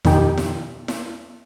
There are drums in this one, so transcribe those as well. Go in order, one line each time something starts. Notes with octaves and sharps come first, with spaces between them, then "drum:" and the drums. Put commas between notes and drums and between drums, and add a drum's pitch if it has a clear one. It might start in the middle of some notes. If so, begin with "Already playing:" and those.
F2 B2 D#3 D#4 G4, drum: snare E4
drum: snare E4
drum: snare E4